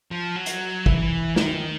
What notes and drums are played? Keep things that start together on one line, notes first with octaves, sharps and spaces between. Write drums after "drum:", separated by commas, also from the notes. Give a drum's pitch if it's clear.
F3
F#3
drum: hi-hat
E3, drum: kick G#1
D#3, drum: snare